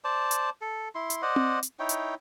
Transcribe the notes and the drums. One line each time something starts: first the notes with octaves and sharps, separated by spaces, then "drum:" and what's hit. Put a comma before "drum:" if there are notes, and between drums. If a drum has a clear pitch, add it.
C5 D5 A5
drum: hi-hat
A4
E4 C6
drum: hi-hat
C5 D5 D#5 F#5
drum: tom C4
drum: hi-hat
D#4 E4 C#5 G5
drum: hi-hat